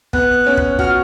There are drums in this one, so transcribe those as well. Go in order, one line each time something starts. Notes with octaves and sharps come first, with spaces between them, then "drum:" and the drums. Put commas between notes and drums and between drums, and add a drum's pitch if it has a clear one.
B3 F#6, drum: kick
C#4
drum: kick
F#4 F6, drum: kick